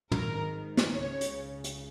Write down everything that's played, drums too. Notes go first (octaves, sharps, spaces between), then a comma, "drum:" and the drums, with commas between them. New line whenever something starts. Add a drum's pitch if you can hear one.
G#1 G#2 D#3 A#4, drum: tom
drum: snare
C#2 C#3 C#5
drum: hi-hat
drum: hi-hat